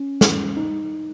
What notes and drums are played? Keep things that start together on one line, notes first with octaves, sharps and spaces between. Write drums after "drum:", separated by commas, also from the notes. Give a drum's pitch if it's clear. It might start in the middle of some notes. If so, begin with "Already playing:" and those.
Already playing: C#4
drum: snare
D#4